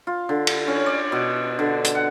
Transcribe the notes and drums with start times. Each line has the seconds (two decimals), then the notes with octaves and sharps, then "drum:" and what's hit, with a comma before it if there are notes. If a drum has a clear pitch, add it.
0.07 F4
0.29 D3
0.47 drum: cymbal
0.68 C#4
0.86 D5
1.12 B2
1.59 D3
1.85 drum: hi-hat
1.95 F#5